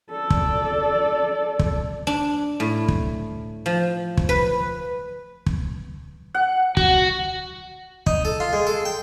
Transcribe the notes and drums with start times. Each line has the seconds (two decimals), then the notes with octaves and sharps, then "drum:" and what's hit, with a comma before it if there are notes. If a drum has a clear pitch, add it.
0.11 A4 D5
0.30 drum: kick
1.59 drum: kick
2.07 D4
2.60 A2
2.88 drum: kick
3.66 F3
4.17 drum: kick
4.29 B4
5.46 drum: kick
6.34 F#5
6.77 F#4, drum: kick
8.07 D#4, drum: kick
8.25 A4
8.40 F4
8.53 G#3
8.67 A4
8.85 G5